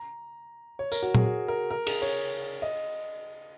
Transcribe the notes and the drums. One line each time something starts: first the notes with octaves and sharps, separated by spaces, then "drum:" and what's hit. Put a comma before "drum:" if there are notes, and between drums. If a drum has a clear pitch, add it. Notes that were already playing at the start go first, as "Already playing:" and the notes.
Already playing: A#5
C#5
A#4, drum: tambourine
F#4
G#4, drum: tom A#2
F#4
A#4
A#4
G#4, drum: cymbal
C#5, drum: open hi-hat
D#5